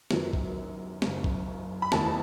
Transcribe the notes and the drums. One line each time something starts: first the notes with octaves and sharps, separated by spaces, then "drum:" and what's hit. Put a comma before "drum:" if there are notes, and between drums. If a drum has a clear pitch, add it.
F#1 F#2 D#3 F#3 B3, drum: snare
drum: kick
F#1 F#2 C#3, drum: snare
drum: kick
B5
F#1 E2 D#3 A3 A5, drum: snare